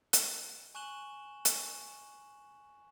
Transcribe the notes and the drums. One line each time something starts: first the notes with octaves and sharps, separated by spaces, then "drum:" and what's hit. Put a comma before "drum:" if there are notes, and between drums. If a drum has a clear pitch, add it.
drum: hi-hat
G#5 C#6 F#6 E7 F#7 G7
drum: hi-hat